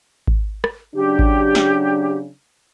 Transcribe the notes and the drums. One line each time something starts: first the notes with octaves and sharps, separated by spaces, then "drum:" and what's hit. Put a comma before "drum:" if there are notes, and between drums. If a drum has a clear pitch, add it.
drum: kick G#1
drum: rim click
C#3 F#3 D4 G4
drum: kick G#1
drum: snare